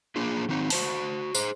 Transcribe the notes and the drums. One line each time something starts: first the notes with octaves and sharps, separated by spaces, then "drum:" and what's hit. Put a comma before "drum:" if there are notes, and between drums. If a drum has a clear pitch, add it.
A#3 D4 F4 G#4
D#3 F#3 C4 D#4
F#4 C5 A5, drum: open hi-hat
G#4 C5, drum: tambourine